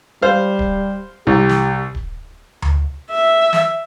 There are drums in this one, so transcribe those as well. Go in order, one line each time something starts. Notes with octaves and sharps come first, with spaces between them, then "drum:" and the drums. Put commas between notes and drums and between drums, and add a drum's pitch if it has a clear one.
G3 C5 F5
drum: kick D1
C2 G4
drum: snare
drum: kick D1
drum: tom D2
E5
drum: snare